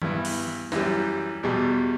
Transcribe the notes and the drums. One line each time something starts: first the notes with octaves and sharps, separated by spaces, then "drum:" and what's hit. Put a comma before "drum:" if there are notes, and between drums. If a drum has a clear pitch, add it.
G2 E3 B3 E4, drum: tom D#3
drum: open hi-hat
F#2 E3 G3, drum: snare
E2 B2 G3